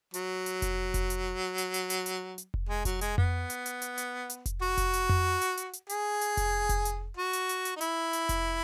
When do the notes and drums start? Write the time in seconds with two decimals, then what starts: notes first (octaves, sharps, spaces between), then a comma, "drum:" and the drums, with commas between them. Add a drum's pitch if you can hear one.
0.14 F#3, drum: hi-hat
0.46 drum: hi-hat
0.62 drum: kick F1, hi-hat
0.94 drum: kick F1, hi-hat
1.10 drum: hi-hat
1.58 drum: hi-hat
1.74 drum: hi-hat
1.90 drum: hi-hat
2.06 drum: hi-hat
2.38 drum: hi-hat
2.54 drum: kick F1
2.69 G#3
2.85 F#3, drum: kick F1, hi-hat
3.01 G#3, drum: hi-hat
3.18 B3, drum: tom F2
3.50 drum: hi-hat
3.66 drum: hi-hat
3.82 drum: hi-hat
3.98 drum: hi-hat
4.30 drum: hi-hat
4.46 drum: kick F1, hi-hat
4.62 F#4
4.77 drum: kick F1, hi-hat
4.93 drum: hi-hat
5.09 drum: tom F2
5.41 drum: hi-hat
5.57 drum: hi-hat
5.73 drum: hi-hat
5.89 G#4, drum: hi-hat
6.21 drum: hi-hat
6.37 drum: kick F1, hi-hat
6.69 drum: kick F1, hi-hat
6.85 drum: hi-hat
7.17 F#4
7.33 drum: hi-hat
7.49 drum: hi-hat
7.65 drum: hi-hat
7.76 D#4
7.81 E4, drum: hi-hat
8.13 drum: hi-hat
8.29 drum: kick F1, hi-hat